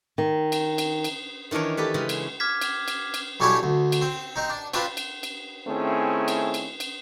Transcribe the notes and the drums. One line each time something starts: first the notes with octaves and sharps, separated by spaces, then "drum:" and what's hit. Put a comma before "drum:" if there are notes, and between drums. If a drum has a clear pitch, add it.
D#3
drum: cymbal
drum: cymbal
drum: cymbal
D#3 E3 D4 A#4 C#5
G4 A4 B4 C#5
C#3 E3 G#3 C#4
drum: cymbal
D6 F6 G#6 B6
drum: cymbal
drum: cymbal
drum: cymbal
B1 G3 C#4 D4 E4 C#5
D2
drum: cymbal
C4
C4 D#4
D4
C4 D4 F4 B4, drum: cymbal
drum: cymbal
drum: cymbal
D#3 A3 C4 C#4 E4 G#4
drum: cymbal
drum: cymbal
drum: cymbal